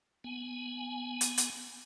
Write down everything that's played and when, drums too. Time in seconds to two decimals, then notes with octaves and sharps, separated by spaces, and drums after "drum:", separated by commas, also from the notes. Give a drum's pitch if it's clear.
0.24 B3 G#5
1.21 drum: hi-hat
1.38 drum: hi-hat